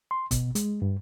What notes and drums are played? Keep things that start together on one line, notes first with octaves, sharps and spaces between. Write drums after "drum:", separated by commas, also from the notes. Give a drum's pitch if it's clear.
C6
B2, drum: kick C#1, hi-hat
G#3, drum: hi-hat
G2